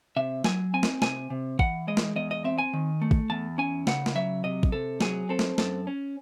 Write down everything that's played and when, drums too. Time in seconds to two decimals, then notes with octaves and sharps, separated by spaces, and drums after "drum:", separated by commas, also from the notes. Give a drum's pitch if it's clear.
0.16 C3 E5
0.44 F#3 G#5, drum: snare
0.74 C4 G#5
0.83 drum: snare
1.02 C3 G#5, drum: snare
1.30 C3
1.59 E3 F#5, drum: kick
1.87 G#3 D#5
1.97 drum: snare
2.16 E2 D#5
2.31 D#5
2.44 C4 E5
2.58 G#5
2.73 D#3
3.02 A3
3.11 drum: kick
3.30 E2 A5
3.58 C#4 G#5
3.87 C#3 F#5, drum: snare
4.06 drum: snare
4.15 F#3 E5
4.44 C3 D#5
4.63 drum: kick
4.72 C3 A4
5.01 F#3 G#4, drum: snare
5.29 C4 A4
5.39 drum: snare
5.58 F#2 A4, drum: snare
5.87 C#4